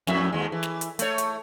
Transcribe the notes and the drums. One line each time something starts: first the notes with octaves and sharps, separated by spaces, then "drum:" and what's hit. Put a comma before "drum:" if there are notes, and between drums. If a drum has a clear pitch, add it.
F2 A2 E5, drum: snare
D#2 G#3
E3
drum: snare
drum: hi-hat
A3 C#5, drum: hi-hat
drum: hi-hat